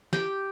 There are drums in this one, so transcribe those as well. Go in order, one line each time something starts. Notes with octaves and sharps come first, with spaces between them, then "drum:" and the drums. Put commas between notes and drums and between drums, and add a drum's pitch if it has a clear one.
G4, drum: snare